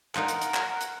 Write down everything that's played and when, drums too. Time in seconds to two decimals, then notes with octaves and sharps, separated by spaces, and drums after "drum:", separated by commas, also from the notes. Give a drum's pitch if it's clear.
0.15 D#4 F4 A#4 F#5, drum: clap
0.28 drum: hi-hat
0.41 drum: hi-hat
0.55 drum: clap
0.81 drum: hi-hat